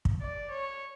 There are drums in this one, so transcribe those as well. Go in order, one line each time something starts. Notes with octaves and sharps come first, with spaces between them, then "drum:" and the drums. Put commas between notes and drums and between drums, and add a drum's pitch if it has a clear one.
drum: kick
D5
C#5